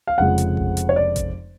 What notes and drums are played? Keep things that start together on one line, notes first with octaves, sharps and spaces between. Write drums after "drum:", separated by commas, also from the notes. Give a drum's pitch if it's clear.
F5
F1 F2 C#3 F3 G#3 F#5
drum: hi-hat
drum: kick A1
drum: hi-hat
C#5
D5
drum: kick A1, hi-hat